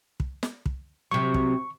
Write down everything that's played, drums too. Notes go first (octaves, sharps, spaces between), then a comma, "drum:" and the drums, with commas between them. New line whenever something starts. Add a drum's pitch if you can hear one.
drum: kick
drum: snare
drum: kick
C3 F#3 C#6
drum: kick